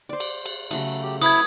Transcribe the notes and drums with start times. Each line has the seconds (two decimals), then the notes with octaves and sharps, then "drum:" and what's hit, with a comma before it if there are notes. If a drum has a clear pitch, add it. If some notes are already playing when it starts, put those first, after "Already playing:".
0.09 C5 D5
0.20 drum: cymbal
0.46 drum: cymbal
0.71 C#3 F#3 A3, drum: cymbal
1.03 G4
1.22 E4 A4 B4 D6 D#6 G#6, drum: cymbal